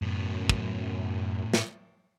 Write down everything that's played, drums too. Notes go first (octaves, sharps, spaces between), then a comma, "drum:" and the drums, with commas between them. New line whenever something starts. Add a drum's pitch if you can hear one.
F#2 A2 B3
drum: kick
drum: snare